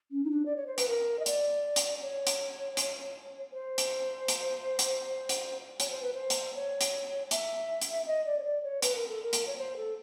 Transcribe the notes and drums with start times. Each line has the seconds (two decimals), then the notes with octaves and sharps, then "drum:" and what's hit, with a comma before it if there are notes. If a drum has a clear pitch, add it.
0.12 C#4
0.24 D#4
0.31 D4
0.46 D5
0.56 C#5
0.67 C5
0.78 B4, drum: hi-hat
0.88 A#4
1.19 D#5
1.26 D5, drum: hi-hat
1.76 drum: hi-hat
2.02 C#5
2.27 drum: hi-hat
2.77 drum: hi-hat
3.53 C5
3.78 drum: hi-hat
4.28 drum: hi-hat
4.79 drum: hi-hat
5.29 drum: hi-hat
5.80 C#5, drum: hi-hat
5.90 C5
6.02 B4
6.14 C5
6.30 drum: hi-hat
6.55 C#5
6.81 drum: hi-hat
7.31 E5, drum: hi-hat
7.81 drum: hi-hat
8.07 D#5
8.26 D5
8.39 C#5
8.44 D5
8.63 C#5
8.82 B4, drum: hi-hat
8.96 A#4
9.09 A4
9.23 A#4
9.33 drum: hi-hat
9.47 C#5
9.58 C5
9.77 A4